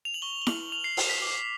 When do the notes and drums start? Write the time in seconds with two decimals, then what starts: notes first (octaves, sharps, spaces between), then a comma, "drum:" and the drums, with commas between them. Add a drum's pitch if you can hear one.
0.05 F7
0.14 F#7
0.22 C#6 G7
0.42 G7
0.47 F6 F#7, drum: snare E4
0.72 C#6 F7
0.84 C7
0.97 F6, drum: open hi-hat
1.09 B6
1.22 D6